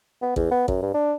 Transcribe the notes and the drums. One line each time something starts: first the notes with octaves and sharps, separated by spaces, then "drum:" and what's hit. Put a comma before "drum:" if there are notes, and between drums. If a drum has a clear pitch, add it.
B3
E2, drum: kick A1
B3
F#2, drum: kick A1
G2
D4